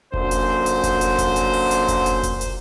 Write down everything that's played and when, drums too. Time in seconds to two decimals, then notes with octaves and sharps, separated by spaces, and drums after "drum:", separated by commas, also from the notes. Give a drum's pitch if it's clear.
0.14 F#2 A#2 D3 C5, drum: kick F1
0.31 drum: hi-hat
0.66 drum: hi-hat
0.83 drum: kick F1, hi-hat
1.01 drum: hi-hat
1.18 drum: kick F1, hi-hat
1.36 drum: hi-hat
1.53 drum: open hi-hat
1.71 drum: hi-hat
1.88 drum: kick F1, hi-hat
2.06 drum: hi-hat
2.23 drum: kick F1, hi-hat
2.41 drum: hi-hat